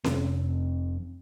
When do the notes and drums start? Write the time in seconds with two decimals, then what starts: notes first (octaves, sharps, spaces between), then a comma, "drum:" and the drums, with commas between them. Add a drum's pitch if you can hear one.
0.04 F1 F2 C3 C4, drum: snare C#4